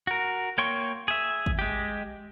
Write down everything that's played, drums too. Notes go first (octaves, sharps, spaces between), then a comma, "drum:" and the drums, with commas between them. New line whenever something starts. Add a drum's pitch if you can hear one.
F#4 A#4
A#3 C#5 G5 C6 C#6
G#4 E5
drum: kick
G#3 G4